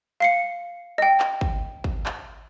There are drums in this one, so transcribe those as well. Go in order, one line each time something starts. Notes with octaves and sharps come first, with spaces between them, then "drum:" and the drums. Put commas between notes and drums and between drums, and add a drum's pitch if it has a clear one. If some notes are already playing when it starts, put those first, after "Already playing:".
F5 C7 C#7
D#5 G5
drum: clap
drum: kick
drum: kick
drum: clap